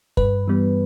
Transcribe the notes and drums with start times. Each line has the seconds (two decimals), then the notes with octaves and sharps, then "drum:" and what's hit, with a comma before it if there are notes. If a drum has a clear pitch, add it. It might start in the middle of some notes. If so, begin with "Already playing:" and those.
0.17 G2 B4, drum: kick
0.48 E3 G3 B3